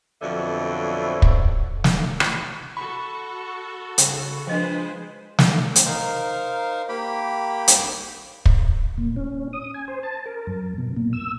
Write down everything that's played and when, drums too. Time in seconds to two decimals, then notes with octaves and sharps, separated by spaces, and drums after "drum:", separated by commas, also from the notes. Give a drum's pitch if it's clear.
0.22 F2 B2 D3 F3 F#3 E5
1.22 drum: kick
1.84 drum: snare
2.20 drum: rim click
2.77 F#4 A4 B5 C#6
3.98 C#3 C#5, drum: hi-hat
4.47 F3 G#3 D4 B4 C5 D#5 G5
5.39 drum: snare
5.76 drum: hi-hat
5.85 D#4 A#4 C5 F5
6.89 A#3 G4 G5 B5
7.68 drum: hi-hat
8.46 drum: kick
8.98 A#2
9.16 C#4
9.53 D#6
9.74 G#5
9.88 C5
10.03 A5
10.26 A#4
10.47 F#2
10.78 B2
10.97 A#2
11.13 E6